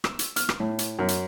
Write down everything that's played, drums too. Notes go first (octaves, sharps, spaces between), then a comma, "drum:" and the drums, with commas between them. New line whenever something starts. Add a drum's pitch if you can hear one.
E6, drum: rim click
drum: hi-hat
F6, drum: hi-hat
drum: rim click
A2
drum: hi-hat
F#2
drum: hi-hat